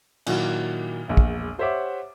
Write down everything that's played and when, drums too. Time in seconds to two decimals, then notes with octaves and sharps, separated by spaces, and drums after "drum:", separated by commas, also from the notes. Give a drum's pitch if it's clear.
0.26 A#2 D#3 F#3 E4 F#4, drum: cymbal
1.08 E1 A#1
1.17 drum: kick
1.58 G4 C5 C#5 E5 F#5 D6